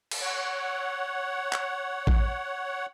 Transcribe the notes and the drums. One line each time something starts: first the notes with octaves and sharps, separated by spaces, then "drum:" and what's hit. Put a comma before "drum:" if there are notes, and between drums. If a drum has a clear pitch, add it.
drum: cymbal
C#5 F#5
drum: clap
drum: kick A1